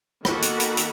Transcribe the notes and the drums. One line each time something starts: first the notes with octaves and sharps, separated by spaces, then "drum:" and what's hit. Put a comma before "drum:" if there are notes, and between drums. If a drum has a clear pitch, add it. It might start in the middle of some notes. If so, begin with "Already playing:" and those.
D#3 A#3 F#4 A4 F#5 B5, drum: rim click
drum: hi-hat
drum: hi-hat
drum: hi-hat